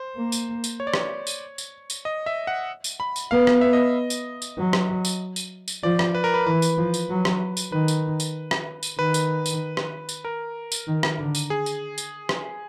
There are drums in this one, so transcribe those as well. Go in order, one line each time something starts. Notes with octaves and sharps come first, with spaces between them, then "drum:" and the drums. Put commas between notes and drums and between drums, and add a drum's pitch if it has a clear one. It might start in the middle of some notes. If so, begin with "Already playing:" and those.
Already playing: C5
A#3
drum: tambourine
drum: tambourine
C#5
D5
C#5, drum: rim click
drum: tambourine
drum: tambourine
drum: tambourine
D#5
E5
F#5
drum: tambourine
B5
drum: tambourine
B3 F5
drum: rim click
E5
D#5
drum: tambourine
drum: tambourine
F#3
drum: rim click
drum: tambourine
drum: tambourine
drum: tambourine
F3 D5
drum: rim click
B4
A#4
B4
E3 B4
drum: tambourine
F3
drum: tambourine
F#3
drum: rim click
drum: tambourine
D#3 B4
drum: tambourine
drum: tambourine
drum: rim click
drum: tambourine
D#3 B4
drum: tambourine
drum: tambourine
drum: rim click
drum: tambourine
A#4
drum: tambourine
D#3
drum: rim click
D3
drum: tambourine
G#4
drum: tambourine
drum: tambourine
drum: rim click